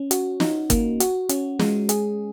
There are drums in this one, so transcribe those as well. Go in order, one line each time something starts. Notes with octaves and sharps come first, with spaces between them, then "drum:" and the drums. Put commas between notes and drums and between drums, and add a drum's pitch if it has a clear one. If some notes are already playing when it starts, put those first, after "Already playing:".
Already playing: C#4
F#4, drum: hi-hat
D#4, drum: snare
A#3, drum: kick, hi-hat
F#4, drum: hi-hat
C#4, drum: hi-hat
G#3, drum: snare
G#4, drum: hi-hat